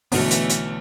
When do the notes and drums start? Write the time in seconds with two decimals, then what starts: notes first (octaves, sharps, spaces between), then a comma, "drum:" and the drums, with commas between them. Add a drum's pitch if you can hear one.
0.12 B1 D3 E3 A3 B3 C#5, drum: open hi-hat
0.31 drum: hi-hat
0.49 drum: hi-hat